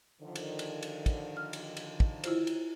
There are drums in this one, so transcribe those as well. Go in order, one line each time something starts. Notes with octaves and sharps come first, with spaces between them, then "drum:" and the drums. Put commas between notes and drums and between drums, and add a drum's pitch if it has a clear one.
D3 D#3 F3
drum: cymbal
drum: cymbal
drum: cymbal
drum: kick, cymbal
F6
drum: cymbal
drum: cymbal
drum: kick
E4 F4 C5, drum: cymbal
drum: cymbal